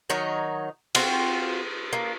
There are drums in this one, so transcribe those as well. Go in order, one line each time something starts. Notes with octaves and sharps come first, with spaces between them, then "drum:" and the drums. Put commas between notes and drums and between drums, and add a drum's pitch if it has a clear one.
D#3 F#3 D#4 C#5
C4 F4 F#4, drum: cymbal
A#3